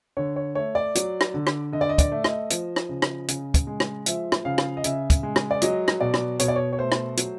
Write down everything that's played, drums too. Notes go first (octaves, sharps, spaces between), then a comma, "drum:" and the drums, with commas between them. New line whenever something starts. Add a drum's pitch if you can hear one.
D3 C#5
C#5
A3 C#5
D5
F#3, drum: hi-hat
drum: rim click
D3
drum: rim click
D3 D#5
D5
D#5
D5, drum: kick, hi-hat
A3
D#5, drum: rim click
F3, drum: hi-hat
drum: rim click
C#3
drum: rim click
C#3, drum: hi-hat
drum: kick, hi-hat
G#3
drum: rim click
F3 E5, drum: hi-hat
drum: rim click
C#3 F5
drum: rim click
D#5
C#3 E5, drum: hi-hat
drum: kick, hi-hat
G#3
drum: rim click
D5
F#3 D#5, drum: hi-hat
drum: rim click
B2 D5
drum: rim click
B2 C#5, drum: hi-hat
D5
C#5
C#5
A3 C5
drum: rim click
F#3, drum: hi-hat